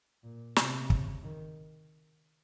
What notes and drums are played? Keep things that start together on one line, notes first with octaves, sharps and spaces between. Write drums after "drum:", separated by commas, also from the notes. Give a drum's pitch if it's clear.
A#2
C3, drum: snare
C#3, drum: kick
D#3